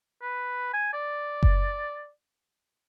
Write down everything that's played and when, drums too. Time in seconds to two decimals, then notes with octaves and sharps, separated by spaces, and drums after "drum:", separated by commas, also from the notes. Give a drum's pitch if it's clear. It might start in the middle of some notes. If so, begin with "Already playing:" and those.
0.22 B4
0.73 G#5
0.93 D5
1.43 drum: kick F#1